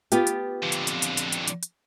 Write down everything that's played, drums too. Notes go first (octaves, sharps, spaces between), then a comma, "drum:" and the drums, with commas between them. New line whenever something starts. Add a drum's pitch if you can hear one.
B3 F4 G4, drum: hi-hat
drum: hi-hat
F2 D3
drum: hi-hat
drum: hi-hat
drum: hi-hat
drum: hi-hat
drum: hi-hat
drum: hi-hat
drum: hi-hat